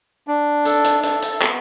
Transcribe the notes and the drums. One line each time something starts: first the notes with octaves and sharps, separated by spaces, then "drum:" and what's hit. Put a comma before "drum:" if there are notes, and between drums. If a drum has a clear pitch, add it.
D4
A4, drum: hi-hat
drum: hi-hat
A4, drum: hi-hat
drum: hi-hat
B3, drum: clap